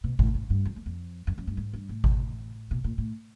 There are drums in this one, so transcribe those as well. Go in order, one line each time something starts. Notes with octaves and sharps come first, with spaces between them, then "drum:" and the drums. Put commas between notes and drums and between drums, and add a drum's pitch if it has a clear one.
B2
A2, drum: kick G#1
G#2
G2
F2
E2
F2
F#2
F#2
G2
G#2
G2
A2
drum: kick G#1
B2
A#2
A2